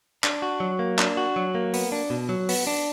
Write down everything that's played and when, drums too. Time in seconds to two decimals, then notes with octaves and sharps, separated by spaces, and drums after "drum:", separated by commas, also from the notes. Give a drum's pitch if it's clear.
0.24 D4, drum: clap
0.42 F#4
0.60 F#3
0.79 A#3
0.99 D4, drum: clap
1.17 F#4
1.36 F#3
1.55 A#3
1.74 B3, drum: open hi-hat
1.92 D4
2.10 B2
2.29 F#3
2.49 B3, drum: open hi-hat
2.67 D4